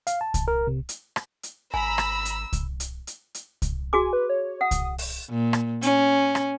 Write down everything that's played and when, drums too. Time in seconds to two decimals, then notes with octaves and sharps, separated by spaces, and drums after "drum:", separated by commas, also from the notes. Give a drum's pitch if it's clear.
0.07 F5, drum: hi-hat
0.21 A5
0.34 drum: kick C2, hi-hat
0.48 A#4
0.67 C3
0.89 drum: hi-hat
1.16 drum: rim click
1.43 drum: hi-hat
1.74 G#1 G#5 A#5 B5 E6
1.98 drum: rim click
2.25 drum: hi-hat
2.53 drum: kick C2, hi-hat
2.80 drum: hi-hat
3.07 drum: hi-hat
3.35 drum: hi-hat
3.62 drum: kick C2, hi-hat
3.93 F#4 G#4 G#5 D6
4.13 B4
4.30 C#5
4.61 F#5 D#6
4.71 drum: kick C2, hi-hat
4.98 drum: open hi-hat
5.30 A#2
5.53 drum: rim click
5.82 C#4, drum: hi-hat
6.35 drum: rim click